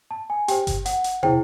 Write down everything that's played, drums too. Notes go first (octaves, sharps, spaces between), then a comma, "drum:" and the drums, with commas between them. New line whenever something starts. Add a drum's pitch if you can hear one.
A5
G#5
G4 C5 G5, drum: hi-hat
drum: kick G1, hi-hat
F#5, drum: hi-hat
drum: hi-hat
E4 G#4 C5 G5, drum: tom